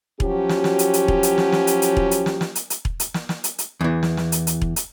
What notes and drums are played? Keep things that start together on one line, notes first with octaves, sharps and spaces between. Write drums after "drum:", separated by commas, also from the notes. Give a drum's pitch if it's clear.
F3 F#3 C#4 F#4 G4, drum: kick E1
drum: snare
drum: snare
drum: hi-hat
drum: hi-hat
drum: kick E1
drum: hi-hat
drum: snare
drum: snare
drum: hi-hat
drum: hi-hat
drum: kick E1
drum: hi-hat
drum: snare
drum: snare
drum: hi-hat
drum: hi-hat
drum: kick E1
drum: hi-hat
drum: snare
drum: snare
drum: hi-hat
drum: hi-hat
E2 E3
drum: snare
drum: snare
drum: hi-hat
drum: hi-hat
drum: kick E1
drum: hi-hat